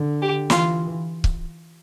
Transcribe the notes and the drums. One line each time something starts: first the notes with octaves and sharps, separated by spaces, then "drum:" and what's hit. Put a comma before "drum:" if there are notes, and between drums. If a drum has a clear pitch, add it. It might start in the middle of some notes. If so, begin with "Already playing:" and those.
Already playing: D3
G4
E3 F4, drum: snare
drum: kick C#1